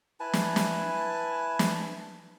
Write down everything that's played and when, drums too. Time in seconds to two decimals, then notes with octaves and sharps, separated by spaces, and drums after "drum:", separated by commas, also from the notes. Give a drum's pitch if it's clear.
0.20 E4 B4 G#5 A5
0.33 drum: snare
0.56 drum: snare
1.59 drum: snare